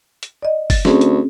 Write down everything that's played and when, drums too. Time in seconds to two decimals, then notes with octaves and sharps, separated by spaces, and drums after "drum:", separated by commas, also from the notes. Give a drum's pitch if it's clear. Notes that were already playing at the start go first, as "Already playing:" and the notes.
0.23 drum: hi-hat
0.43 D5 D#5
0.70 A6, drum: kick F#1, open hi-hat
0.85 D2 C4 C#4 G#4, drum: snare
1.01 drum: hi-hat